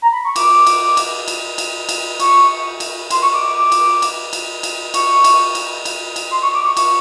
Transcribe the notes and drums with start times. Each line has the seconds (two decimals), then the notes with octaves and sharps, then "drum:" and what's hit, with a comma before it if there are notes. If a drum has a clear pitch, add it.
0.02 A#5
0.13 B5
0.25 C#6
0.36 D6, drum: cymbal
0.67 drum: cymbal
0.97 drum: cymbal
1.28 drum: cymbal
1.58 drum: cymbal
1.89 drum: cymbal
2.20 C#6, drum: cymbal
2.80 drum: cymbal
3.10 C6, drum: cymbal
3.22 C#6
3.34 D6
3.46 D6
3.57 D6
3.72 drum: cymbal
4.02 drum: cymbal
4.33 drum: cymbal
4.63 drum: cymbal
4.94 C#6, drum: cymbal
5.24 drum: cymbal
5.55 drum: cymbal
5.85 drum: cymbal
6.16 drum: cymbal
6.31 C6
6.43 C#6
6.54 D6
6.65 C#6
6.77 C#6, drum: cymbal